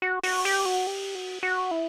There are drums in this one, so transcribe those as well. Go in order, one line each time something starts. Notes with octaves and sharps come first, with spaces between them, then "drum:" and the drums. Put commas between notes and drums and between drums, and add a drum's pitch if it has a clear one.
F#4
F#4, drum: open hi-hat
G4, drum: open hi-hat
F#4
G4
F#4
F#4
E4